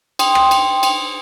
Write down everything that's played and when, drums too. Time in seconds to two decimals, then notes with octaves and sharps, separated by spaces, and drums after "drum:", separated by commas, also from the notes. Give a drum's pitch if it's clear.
0.19 G5 C6 D#6, drum: cymbal
0.35 drum: rim click
0.51 drum: cymbal
0.83 drum: cymbal